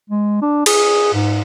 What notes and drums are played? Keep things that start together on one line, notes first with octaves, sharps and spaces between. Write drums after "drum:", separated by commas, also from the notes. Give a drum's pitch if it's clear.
G#3
D4
G#4, drum: cymbal
G#2